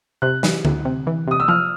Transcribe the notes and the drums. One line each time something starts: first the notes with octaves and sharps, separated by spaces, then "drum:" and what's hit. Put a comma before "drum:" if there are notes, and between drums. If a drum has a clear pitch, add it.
C3 F#6
E3, drum: snare
D2, drum: tom D3
C3
E3
C3 D#6
E6
F3 F6